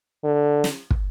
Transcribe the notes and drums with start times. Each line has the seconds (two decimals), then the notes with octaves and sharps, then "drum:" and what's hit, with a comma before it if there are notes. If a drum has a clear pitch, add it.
0.24 D3
0.64 drum: snare
0.90 drum: kick